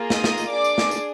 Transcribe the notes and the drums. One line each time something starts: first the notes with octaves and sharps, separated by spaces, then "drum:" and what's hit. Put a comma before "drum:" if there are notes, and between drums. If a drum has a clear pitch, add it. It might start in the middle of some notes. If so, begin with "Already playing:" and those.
Already playing: A#3 F4 G#4
D#5 D#6, drum: snare
drum: snare
drum: tambourine
D4 G#4 D5 D6
drum: tambourine
drum: snare
drum: tambourine